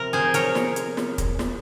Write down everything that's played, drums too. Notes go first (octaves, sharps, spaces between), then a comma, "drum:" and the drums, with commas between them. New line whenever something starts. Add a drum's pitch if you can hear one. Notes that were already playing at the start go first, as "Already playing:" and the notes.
Already playing: C3 F3 A#4
G#4 C5
A#4 C#5, drum: hi-hat
drum: snare
drum: hi-hat
drum: snare
drum: kick, hi-hat
drum: snare